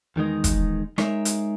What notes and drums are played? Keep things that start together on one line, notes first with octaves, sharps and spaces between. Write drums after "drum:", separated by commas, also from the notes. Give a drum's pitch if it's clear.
E2 D#3 G#3 D#4 A#4
drum: kick, hi-hat
G#3 D#4 A#4 C#5 E5, drum: rim click
drum: hi-hat